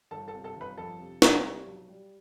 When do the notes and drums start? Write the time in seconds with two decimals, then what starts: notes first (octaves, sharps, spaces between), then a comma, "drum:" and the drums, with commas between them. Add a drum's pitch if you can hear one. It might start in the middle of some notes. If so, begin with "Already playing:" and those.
0.11 G1 A4 A5
0.28 A4 A5
0.34 C3
0.44 A4 A5
0.56 G1 B4 B5
0.77 F2 A4 A5
1.00 C3
1.22 C3, drum: snare
1.44 G3
1.67 B1
1.88 G3